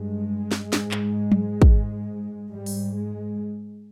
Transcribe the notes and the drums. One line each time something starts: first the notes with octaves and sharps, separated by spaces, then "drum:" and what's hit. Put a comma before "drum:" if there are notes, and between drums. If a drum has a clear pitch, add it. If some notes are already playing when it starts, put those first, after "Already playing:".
Already playing: G2 G#3
drum: snare
G#2, drum: snare
drum: clap
drum: tom F#3
G#2, drum: kick
G#2 G3
drum: open hi-hat
G#3